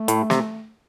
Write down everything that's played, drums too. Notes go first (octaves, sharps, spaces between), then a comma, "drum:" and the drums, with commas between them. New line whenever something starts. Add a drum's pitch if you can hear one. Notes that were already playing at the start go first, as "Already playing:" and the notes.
Already playing: A3
A2, drum: hi-hat
C3, drum: snare